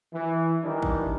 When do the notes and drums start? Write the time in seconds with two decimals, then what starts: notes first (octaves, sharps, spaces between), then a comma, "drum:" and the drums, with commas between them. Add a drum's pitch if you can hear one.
0.14 E3
0.63 D#3 E3 G3 D4 D#4
0.82 drum: kick G#1